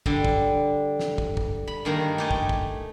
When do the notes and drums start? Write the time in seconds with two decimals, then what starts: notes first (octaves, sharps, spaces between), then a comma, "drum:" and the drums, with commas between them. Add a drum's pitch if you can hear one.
0.06 D3 G3, drum: kick
0.25 drum: kick
0.99 drum: snare
1.18 drum: kick
1.37 drum: kick
1.67 B5
1.85 G2 D#3 A#3
2.18 A3 G4 G#5
2.31 drum: kick
2.49 drum: kick